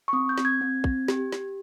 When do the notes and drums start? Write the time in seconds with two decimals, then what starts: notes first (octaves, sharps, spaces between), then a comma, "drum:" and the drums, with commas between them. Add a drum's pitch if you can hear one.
0.08 C#6
0.13 C4 D#6
0.29 G6
0.38 C4, drum: snare
0.45 G#6
0.61 C4
0.84 C4, drum: kick
1.08 G4, drum: snare
1.32 G4, drum: snare